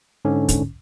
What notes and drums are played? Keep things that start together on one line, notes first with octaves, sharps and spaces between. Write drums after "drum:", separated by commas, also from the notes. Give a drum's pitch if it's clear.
G#2 D3 C#4
drum: kick, hi-hat